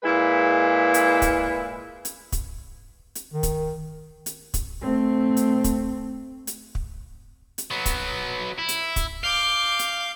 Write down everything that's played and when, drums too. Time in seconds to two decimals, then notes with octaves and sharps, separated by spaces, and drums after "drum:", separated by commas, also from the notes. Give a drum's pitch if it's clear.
0.03 A#2 G#3 E4 B4
0.94 drum: hi-hat
1.22 drum: kick, hi-hat
2.05 drum: hi-hat
2.32 drum: kick, hi-hat
3.15 drum: hi-hat
3.34 D#3
3.43 drum: kick, hi-hat
4.26 drum: hi-hat
4.54 drum: kick, hi-hat
4.81 A3 C4
5.37 drum: hi-hat
5.64 drum: kick, hi-hat
6.47 drum: hi-hat
6.75 drum: kick
7.58 drum: hi-hat
7.71 F#3 B3
7.86 drum: kick, hi-hat
8.59 E4
8.69 drum: hi-hat
8.96 drum: kick, hi-hat
9.24 F5 D6 G6
9.79 drum: hi-hat